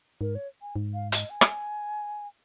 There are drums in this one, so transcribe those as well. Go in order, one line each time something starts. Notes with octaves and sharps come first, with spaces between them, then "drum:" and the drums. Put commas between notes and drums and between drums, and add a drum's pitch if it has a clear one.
G#2 A#4
C#5
G#5
G#2
F5
D#5, drum: hi-hat
G#5
drum: rim click